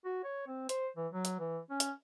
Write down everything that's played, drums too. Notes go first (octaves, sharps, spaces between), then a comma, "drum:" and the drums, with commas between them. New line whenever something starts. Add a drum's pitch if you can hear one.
F#4
C#5
C4
C5, drum: hi-hat
E3
F#3
drum: hi-hat
E3
C#4
drum: hi-hat